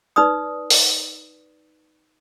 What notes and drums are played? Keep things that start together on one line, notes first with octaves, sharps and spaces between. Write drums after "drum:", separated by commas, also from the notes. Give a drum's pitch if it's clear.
D#4 B4 D5 D#6
drum: open hi-hat